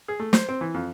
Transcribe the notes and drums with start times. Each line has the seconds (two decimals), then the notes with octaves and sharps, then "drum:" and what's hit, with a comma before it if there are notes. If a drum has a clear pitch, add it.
0.08 G#4
0.20 A3
0.33 C5, drum: snare
0.49 C4
0.61 E3
0.74 F2